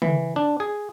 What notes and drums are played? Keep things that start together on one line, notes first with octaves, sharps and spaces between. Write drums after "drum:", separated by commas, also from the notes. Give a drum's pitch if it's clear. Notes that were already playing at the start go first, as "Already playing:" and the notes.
E3, drum: tom
D4
G#4